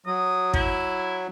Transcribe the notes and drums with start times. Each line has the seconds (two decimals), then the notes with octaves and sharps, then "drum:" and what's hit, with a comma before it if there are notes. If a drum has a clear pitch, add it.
0.06 F#3 D#6
0.53 E4, drum: kick